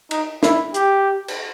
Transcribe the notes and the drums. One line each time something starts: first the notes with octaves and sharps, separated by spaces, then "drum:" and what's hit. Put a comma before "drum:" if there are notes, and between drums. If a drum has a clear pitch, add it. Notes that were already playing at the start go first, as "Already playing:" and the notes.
D#4, drum: cymbal
E4, drum: snare
G4, drum: hi-hat
drum: cymbal